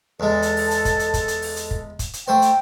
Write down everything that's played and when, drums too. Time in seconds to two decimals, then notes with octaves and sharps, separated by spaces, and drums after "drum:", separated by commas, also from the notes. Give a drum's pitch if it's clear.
0.20 E2 G#3 A4
0.42 drum: hi-hat
0.57 drum: open hi-hat
0.71 drum: hi-hat
0.85 drum: kick, hi-hat
0.99 drum: hi-hat
1.14 drum: kick, hi-hat
1.28 drum: hi-hat
1.42 drum: open hi-hat
1.56 drum: hi-hat
1.71 drum: kick
1.99 drum: kick, hi-hat
2.13 drum: hi-hat
2.28 A3 C5 G5
2.42 drum: hi-hat